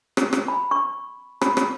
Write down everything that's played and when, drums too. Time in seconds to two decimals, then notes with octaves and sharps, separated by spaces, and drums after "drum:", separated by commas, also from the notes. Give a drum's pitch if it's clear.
0.17 drum: rim click
0.33 drum: rim click
0.48 B5
0.71 C#6
1.41 B5, drum: rim click
1.57 drum: rim click